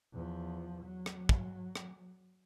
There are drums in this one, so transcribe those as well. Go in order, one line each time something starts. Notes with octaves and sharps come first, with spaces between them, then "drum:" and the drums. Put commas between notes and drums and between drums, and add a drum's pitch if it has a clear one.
E2 F3
F#3
drum: rim click
drum: kick
drum: rim click